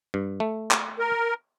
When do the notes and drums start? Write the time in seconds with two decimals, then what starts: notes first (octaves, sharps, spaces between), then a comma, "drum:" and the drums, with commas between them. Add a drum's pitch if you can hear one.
0.14 G2
0.40 A3
0.71 drum: clap
0.99 A#4